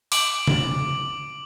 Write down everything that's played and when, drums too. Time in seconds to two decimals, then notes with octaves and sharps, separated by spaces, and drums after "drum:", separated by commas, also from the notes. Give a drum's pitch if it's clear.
0.12 D6 D7 F#7, drum: open hi-hat
0.47 drum: tom C#3